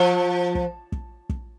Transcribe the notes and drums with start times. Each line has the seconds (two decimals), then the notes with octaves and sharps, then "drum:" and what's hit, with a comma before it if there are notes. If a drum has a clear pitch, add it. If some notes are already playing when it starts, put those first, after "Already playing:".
Already playing: F3
0.55 drum: kick
0.92 drum: kick
1.29 drum: kick